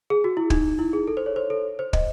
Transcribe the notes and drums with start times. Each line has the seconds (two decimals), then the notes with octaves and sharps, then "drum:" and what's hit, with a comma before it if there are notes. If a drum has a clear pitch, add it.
0.10 G#4
0.24 F#4
0.37 E4
0.50 D#4, drum: kick
0.79 E4
0.93 G#4
1.08 A4
1.17 C5
1.26 C#5
1.36 C5
1.50 A4
1.79 C5
1.93 D#5, drum: kick